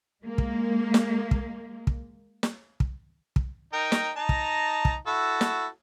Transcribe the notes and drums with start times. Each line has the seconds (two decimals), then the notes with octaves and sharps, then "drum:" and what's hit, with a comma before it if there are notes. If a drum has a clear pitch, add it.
0.23 G#3 A#3
0.38 drum: kick
0.94 drum: snare
1.31 drum: kick
1.87 drum: kick
2.43 drum: snare
2.80 drum: kick
3.36 drum: kick
3.73 D#4 A#4 G5
3.92 drum: snare
4.17 D#4 A5 A#5
4.29 drum: kick
4.85 drum: kick
5.07 E4 F#4 A4
5.41 drum: snare